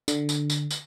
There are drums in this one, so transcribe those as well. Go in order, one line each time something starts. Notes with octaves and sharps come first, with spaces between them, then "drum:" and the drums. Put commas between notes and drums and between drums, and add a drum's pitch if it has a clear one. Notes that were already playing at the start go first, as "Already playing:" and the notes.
D3, drum: tambourine
drum: tambourine
drum: tambourine
drum: tambourine